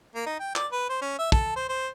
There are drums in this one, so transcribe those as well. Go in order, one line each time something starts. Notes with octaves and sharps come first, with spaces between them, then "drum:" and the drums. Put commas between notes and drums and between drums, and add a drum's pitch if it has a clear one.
A#3
D#4
G5
D5, drum: clap
B4
C5
C#4
E5
A4, drum: kick
C5
C5